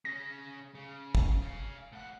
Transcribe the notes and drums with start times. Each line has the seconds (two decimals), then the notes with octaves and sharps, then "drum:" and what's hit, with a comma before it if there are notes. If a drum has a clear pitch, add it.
0.05 C#3 C#4 A#6
0.75 C#3
1.15 drum: kick
1.43 F5 G#5
1.92 A2 F#5